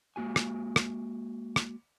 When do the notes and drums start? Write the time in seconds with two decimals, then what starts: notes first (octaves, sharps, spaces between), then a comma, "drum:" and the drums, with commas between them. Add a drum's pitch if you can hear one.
0.16 G#3 A#3 F#4 G#5
0.36 drum: rim click
0.76 drum: rim click
1.56 drum: rim click